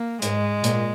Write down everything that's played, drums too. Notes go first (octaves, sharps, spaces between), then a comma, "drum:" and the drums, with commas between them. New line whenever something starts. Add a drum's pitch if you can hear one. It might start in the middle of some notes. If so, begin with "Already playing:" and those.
Already playing: A#3
G#2 G#3, drum: hi-hat
A#2, drum: hi-hat